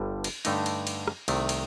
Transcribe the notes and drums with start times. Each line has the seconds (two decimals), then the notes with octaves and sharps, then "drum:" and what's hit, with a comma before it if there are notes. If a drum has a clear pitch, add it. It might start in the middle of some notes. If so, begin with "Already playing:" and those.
Already playing: G1 G2 D3 G3
0.24 drum: cymbal
0.45 G2 D3 A3 D#4, drum: cymbal
0.66 drum: cymbal
0.87 drum: cymbal
1.07 drum: rim click
1.28 C2 C3 D#3 A3, drum: cymbal
1.49 drum: cymbal